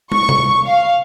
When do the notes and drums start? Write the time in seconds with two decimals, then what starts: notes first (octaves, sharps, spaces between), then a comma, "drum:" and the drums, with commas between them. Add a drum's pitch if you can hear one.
0.12 C#6, drum: tom
0.29 drum: tom
0.65 F5